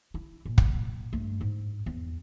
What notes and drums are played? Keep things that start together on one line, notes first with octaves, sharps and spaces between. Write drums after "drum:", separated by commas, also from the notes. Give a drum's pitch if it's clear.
E4
A#2
drum: kick
G2 A3
G#2
E2